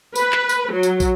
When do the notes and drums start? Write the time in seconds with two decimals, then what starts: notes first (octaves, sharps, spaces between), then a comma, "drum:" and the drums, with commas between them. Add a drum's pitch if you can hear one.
0.15 B4, drum: tambourine
0.32 drum: clap
0.49 drum: tambourine
0.73 F#3
0.83 drum: tambourine
1.00 drum: kick, tambourine